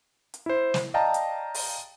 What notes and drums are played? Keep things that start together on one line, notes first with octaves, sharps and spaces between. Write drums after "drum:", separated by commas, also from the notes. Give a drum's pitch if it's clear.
drum: hi-hat
E4 C5
drum: snare
D5 D#5 F5 G5 A5 A#5
drum: hi-hat
drum: open hi-hat